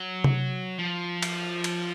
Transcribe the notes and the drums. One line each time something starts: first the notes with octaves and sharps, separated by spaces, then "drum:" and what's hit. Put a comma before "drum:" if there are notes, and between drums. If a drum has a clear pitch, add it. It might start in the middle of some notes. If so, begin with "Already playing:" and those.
Already playing: F#3
drum: tom C3
F3
drum: cymbal
drum: cymbal